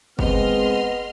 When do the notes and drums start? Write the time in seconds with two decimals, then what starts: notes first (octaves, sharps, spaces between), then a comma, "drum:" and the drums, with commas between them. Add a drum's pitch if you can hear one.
0.19 G#3 B3 C4 D#5 C6 F6, drum: kick